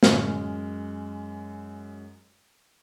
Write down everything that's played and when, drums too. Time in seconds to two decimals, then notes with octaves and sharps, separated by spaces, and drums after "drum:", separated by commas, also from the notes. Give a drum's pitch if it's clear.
0.03 F#2 G#3 F6, drum: snare